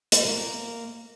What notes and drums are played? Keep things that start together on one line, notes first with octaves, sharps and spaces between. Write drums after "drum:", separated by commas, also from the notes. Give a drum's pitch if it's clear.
drum: hi-hat
A#3